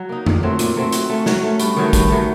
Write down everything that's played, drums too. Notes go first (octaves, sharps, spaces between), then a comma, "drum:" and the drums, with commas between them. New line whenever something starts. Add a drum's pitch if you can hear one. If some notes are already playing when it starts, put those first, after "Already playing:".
Already playing: F#3
A#3 D#4
A#2, drum: tom F2
F#3 A3 C4
A#2, drum: hi-hat
F#3 A3 C4
F#3, drum: hi-hat
A3 C#4
F#3, drum: snare
A3 C#4
G2, drum: hi-hat
D#3 F#3 A3
G2, drum: kick, hi-hat
D#3 F#3 A3